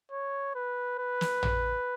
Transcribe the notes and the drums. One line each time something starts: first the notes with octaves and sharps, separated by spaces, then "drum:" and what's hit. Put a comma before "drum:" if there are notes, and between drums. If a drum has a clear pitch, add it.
C#5
B4
B4
drum: snare
drum: tom